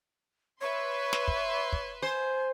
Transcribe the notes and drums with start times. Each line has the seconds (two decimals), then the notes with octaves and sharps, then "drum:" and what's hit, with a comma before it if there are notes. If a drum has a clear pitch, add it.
0.61 B4 C#5 E5 C6
1.13 drum: snare
1.28 drum: kick
1.73 drum: kick
2.02 C5 G#5